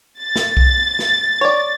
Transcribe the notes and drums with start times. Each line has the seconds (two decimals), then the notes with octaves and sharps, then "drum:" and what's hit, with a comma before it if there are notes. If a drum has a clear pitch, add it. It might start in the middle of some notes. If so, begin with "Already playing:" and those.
0.22 A6
0.36 drum: snare
0.57 drum: kick B1
0.99 drum: snare
1.41 C#5 D5